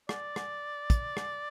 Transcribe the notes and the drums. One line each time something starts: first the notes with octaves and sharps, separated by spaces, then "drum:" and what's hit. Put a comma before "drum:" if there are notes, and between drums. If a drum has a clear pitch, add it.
D5, drum: rim click
drum: rim click
drum: kick, hi-hat
drum: rim click